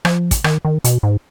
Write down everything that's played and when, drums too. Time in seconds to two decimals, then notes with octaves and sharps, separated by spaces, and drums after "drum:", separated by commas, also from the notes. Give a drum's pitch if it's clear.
0.05 F3, drum: rim click
0.31 drum: kick, hi-hat
0.44 D#3, drum: rim click
0.65 D#3
0.84 B2, drum: hi-hat
1.03 G#2